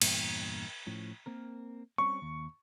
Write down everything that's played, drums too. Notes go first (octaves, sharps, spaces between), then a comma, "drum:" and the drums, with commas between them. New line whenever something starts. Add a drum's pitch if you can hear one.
E2 G2 A#2, drum: cymbal
A2 F3 C#4
A#3 C4 A#4
G3 C4 C#4 C#6
D#2